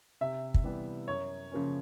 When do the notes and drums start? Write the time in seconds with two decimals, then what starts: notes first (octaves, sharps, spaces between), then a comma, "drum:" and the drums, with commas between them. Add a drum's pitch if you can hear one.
0.21 C3 E5
0.54 drum: kick
0.64 E3 G3 B3
1.08 F#2 C#5
1.52 C#3 F3 A#3 C#4